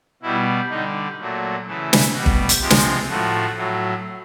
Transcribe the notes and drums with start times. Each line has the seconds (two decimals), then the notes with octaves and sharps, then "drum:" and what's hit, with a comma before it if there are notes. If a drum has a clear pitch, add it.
0.22 B2 G3 E4
0.70 D3 G3 D#4
1.19 A#2 F#3 A3
1.66 C#3 E3 A3
1.93 drum: snare
2.13 B2 G3 F#4
2.26 drum: kick G1
2.49 drum: hi-hat
2.60 C3 F3 G#3 G4
2.70 drum: snare
3.08 A2 F3 A3 F#4
3.56 A2 F#3 A3